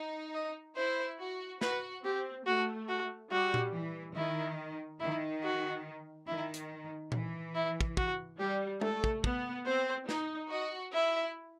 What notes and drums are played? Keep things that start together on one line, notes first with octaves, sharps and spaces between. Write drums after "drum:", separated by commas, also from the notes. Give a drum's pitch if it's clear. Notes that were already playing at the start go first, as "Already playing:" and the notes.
Already playing: D#4
D#5
E4 C5
F#4
F#4 B4, drum: snare
C4 G4
A3 F#4
F#4
G3 F#4
drum: tom A#2
E3
D#3 E4
D#3 E4
F#4
D#3 E4
drum: hi-hat
E3, drum: tom A#2
E4
drum: kick
F#4, drum: kick
G3 G4
A3 A4, drum: tom G#3
drum: kick
B3, drum: kick
C4 C5
D#4, drum: snare
F#4 D#5
E4 E5